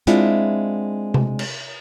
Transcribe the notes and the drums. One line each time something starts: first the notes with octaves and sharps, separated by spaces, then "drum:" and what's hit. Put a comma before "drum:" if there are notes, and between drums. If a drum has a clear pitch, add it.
G#3 C4 D4 E4 F4, drum: hi-hat
drum: tom C3
drum: cymbal